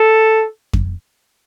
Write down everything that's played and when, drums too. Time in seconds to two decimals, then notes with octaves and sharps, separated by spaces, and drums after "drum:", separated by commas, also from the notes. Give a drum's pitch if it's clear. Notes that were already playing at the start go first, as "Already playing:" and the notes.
Already playing: A4
0.74 drum: kick F2